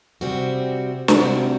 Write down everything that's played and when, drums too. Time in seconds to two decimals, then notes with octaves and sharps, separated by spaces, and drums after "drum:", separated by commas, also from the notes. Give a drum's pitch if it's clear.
0.21 C3 G3 C4 F#4
1.08 C3 G3 C4 F#4, drum: snare